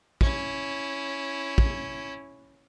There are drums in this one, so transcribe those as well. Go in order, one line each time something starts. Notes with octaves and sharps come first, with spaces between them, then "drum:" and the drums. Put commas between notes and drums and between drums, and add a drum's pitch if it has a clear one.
C#4 E4, drum: kick
drum: kick